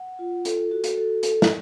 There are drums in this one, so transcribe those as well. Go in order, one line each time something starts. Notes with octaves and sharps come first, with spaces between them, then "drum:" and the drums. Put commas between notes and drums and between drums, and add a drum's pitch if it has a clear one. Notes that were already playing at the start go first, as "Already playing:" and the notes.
Already playing: F#5
F4
A4, drum: hi-hat
F#4
drum: hi-hat
A4
A4, drum: hi-hat
drum: snare